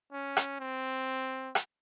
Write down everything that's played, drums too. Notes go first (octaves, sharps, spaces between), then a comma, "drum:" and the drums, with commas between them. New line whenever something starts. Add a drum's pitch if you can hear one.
C#4
drum: rim click
C4
drum: rim click